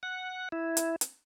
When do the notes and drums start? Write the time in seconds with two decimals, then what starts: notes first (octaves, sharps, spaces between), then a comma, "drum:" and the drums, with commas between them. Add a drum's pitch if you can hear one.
0.03 F#5
0.52 E4
0.77 drum: hi-hat
1.01 drum: hi-hat